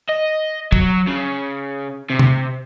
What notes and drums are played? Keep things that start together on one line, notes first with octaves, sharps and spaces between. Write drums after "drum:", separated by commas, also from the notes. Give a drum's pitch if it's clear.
D#5
F#3, drum: kick
C#3
C3
drum: tom C3